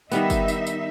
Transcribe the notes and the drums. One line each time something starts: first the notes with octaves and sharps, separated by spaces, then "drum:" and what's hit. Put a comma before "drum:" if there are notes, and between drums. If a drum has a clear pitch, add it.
D#3 G3 B3 D#4 E5, drum: tambourine
drum: kick, tambourine
drum: tambourine
drum: tambourine